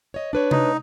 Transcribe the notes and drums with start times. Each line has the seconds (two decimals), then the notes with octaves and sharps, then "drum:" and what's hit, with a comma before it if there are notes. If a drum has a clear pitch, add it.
0.14 C#5 D#5
0.33 D4 B4 C#5
0.51 D#4, drum: tom C3